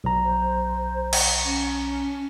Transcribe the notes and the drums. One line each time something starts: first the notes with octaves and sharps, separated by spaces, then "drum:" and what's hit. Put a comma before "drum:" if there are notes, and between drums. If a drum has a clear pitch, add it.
B1 A#5
C5
drum: cymbal
C#4